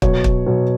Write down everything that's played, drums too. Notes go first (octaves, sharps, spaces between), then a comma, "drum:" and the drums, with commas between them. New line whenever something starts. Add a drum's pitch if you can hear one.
B2 F#3 C#5, drum: kick
drum: kick
B2 F#3